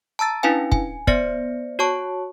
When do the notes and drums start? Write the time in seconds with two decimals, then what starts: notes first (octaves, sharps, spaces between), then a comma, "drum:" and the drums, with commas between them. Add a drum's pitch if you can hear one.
0.19 A5 A#5 E6 A6
0.43 C#4 D4 E4 B4 F5 G#5
0.72 G#5, drum: kick
1.07 B3 C5 D5 A#6 C#7, drum: kick
1.79 F#4 C#5 A5 C#6